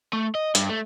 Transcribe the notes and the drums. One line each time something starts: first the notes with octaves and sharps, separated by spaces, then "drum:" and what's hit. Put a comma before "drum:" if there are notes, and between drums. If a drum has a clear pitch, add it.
A3
D#5
G2, drum: hi-hat
A3